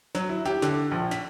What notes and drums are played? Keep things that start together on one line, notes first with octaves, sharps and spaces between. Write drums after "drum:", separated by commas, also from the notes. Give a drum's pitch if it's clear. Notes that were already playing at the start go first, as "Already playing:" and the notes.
F#3, drum: snare
E4
G4, drum: snare
D3, drum: snare
A#1
B6, drum: snare